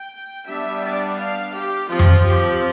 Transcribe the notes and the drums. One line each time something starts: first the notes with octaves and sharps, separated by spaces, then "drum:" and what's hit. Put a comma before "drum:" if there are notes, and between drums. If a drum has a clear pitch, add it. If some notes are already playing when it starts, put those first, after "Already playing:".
Already playing: G5
G3 B3 D4 E5
D5
F5
G4
F3 C4 F4
drum: tom F2
G4